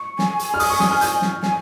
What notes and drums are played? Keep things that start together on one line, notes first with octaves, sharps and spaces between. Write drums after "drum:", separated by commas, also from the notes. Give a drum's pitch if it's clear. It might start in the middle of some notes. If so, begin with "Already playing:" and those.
Already playing: C#6
G#5, drum: snare
drum: hi-hat
F6
D#6, drum: open hi-hat
C#6
D#6, drum: snare
F6
G6, drum: hi-hat
drum: snare
G#5, drum: snare